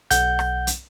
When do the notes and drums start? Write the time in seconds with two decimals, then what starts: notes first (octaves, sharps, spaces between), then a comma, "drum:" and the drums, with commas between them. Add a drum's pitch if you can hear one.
0.11 B1 F#5 G6, drum: hi-hat
0.39 drum: rim click
0.67 drum: hi-hat